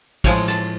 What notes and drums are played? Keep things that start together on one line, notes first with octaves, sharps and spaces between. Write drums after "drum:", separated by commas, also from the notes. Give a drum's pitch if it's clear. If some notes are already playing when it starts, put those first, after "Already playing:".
A2 F3 G#3 G#5, drum: kick, cymbal
A5, drum: rim click